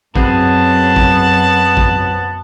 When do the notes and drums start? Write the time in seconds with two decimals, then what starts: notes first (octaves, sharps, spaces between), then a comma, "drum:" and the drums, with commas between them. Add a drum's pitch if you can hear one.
0.16 F#2 F#3 B3 C4 G#4 A5, drum: kick
0.96 drum: kick
1.77 drum: kick